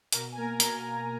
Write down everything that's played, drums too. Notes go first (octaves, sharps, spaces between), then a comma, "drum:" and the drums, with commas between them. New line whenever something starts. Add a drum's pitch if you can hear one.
B2 A#4 A#5, drum: hi-hat
G#5
A#3 A#4 A#5
B2 A#4 A#5, drum: hi-hat
A#3